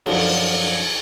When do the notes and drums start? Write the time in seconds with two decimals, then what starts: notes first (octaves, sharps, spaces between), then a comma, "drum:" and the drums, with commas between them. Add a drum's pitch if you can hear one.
0.06 F#2 D3 F3 F#3, drum: cymbal